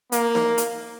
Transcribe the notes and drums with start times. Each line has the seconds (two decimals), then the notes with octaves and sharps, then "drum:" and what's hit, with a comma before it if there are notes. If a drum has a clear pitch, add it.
0.12 A#3, drum: hi-hat
0.35 drum: snare D#4
0.58 drum: hi-hat